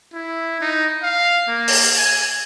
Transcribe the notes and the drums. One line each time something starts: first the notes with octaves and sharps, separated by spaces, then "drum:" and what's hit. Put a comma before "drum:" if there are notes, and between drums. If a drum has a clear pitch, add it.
E4
D#4
F5
A#3
drum: open hi-hat
G#5